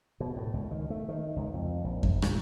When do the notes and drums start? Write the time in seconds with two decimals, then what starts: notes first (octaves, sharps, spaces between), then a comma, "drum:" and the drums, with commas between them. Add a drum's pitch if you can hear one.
0.20 B2
0.36 A2
0.54 C#2
0.71 D#3
0.90 A3
1.09 D#3
1.36 C#2
1.54 F2
1.84 A#1
2.03 A#1, drum: kick F2
2.22 A#2, drum: rim click